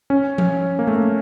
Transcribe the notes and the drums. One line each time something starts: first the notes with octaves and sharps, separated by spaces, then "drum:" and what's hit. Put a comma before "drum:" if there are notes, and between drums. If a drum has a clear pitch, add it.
C#4
drum: tom F3
A#3
A3
A#3